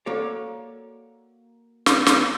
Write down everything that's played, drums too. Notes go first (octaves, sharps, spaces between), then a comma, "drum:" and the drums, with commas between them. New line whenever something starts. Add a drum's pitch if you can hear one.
A#3 F#4 A4 C#5 D5
drum: snare
drum: snare